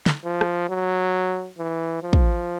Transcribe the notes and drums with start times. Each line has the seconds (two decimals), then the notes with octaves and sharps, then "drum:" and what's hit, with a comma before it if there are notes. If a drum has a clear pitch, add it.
0.06 drum: snare
0.25 F3
0.41 drum: rim click
0.69 F#3
1.58 E3
2.03 F3
2.13 drum: kick